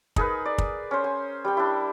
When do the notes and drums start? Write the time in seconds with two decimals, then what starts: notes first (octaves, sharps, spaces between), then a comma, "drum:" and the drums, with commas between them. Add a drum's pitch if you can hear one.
0.16 D#4 G#4 A#4 B4, drum: kick
0.45 D5
0.58 drum: kick
0.91 C#4 C5
1.04 G#5
1.45 G3 G5
1.57 D4 E4